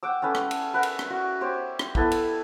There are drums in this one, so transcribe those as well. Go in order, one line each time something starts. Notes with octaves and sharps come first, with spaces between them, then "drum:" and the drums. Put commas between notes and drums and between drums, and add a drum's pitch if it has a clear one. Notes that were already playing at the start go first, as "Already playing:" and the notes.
F#5 G5 D6 E6
C#4 A4 B4 E5
drum: rim click
drum: cymbal
A#4 B4 E5 F#5
drum: cymbal
drum: rim click
F#4
G4 C5 C#5
drum: rim click
B3 E4 A4 B4, drum: kick
drum: cymbal